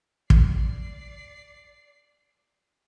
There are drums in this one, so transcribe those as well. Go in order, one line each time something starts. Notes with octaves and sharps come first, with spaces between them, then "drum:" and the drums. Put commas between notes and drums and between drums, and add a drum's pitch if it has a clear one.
D5 C7, drum: kick